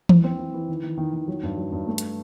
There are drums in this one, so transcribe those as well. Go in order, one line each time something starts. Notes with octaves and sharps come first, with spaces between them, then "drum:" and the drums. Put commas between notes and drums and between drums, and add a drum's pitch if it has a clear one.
E3, drum: tom E3
C4
E3
E3
D#3
D#3
D#3
D#3
F#3
G2
F#3
G2
A3
drum: hi-hat